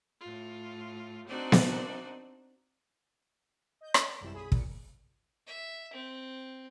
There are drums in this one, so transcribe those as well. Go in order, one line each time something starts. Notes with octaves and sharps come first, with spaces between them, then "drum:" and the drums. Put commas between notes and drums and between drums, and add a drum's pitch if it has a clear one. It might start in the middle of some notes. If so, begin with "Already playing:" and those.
A2 F4
C4 D4 D#4 F#4 C5 D5
drum: snare B3
D#5 G6
A4 B4 C#5 D#5 G5 B5, drum: rim click
D5
G#1 F#2 C3 G3 E4 E7
B1 G#4 B5 D#6
A#2 C#7, drum: kick
E5
C4